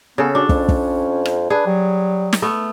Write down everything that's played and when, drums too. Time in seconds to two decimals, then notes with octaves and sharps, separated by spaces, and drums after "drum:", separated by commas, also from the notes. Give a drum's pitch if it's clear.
0.18 C#3 B3 C#4 A4
0.35 D4 F#4
0.49 F2 C#4, drum: kick
0.69 drum: kick
1.25 drum: rim click
1.50 D4 G#4 B4
1.66 F#3 G3
2.33 drum: snare
2.42 A3 B3